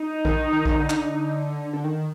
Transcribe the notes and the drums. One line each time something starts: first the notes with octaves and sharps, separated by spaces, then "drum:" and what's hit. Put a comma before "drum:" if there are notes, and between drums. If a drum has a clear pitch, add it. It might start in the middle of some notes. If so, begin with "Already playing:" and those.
Already playing: D#4
D#3, drum: kick A#1
D#3
drum: kick A#1
D3
drum: clap
D3
D#3